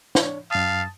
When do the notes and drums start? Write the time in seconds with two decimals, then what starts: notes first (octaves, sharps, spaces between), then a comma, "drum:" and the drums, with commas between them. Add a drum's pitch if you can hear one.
0.15 D4 C#5, drum: snare
0.51 F#2 F5 A5 D#6